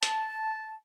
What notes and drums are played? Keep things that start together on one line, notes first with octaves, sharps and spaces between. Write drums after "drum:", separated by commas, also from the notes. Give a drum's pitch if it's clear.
A5, drum: hi-hat